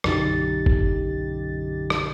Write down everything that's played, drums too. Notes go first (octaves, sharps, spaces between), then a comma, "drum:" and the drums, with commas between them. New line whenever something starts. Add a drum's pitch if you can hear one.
B1 F#2 D3 D#4 G4 A6, drum: rim click
drum: kick G1
drum: rim click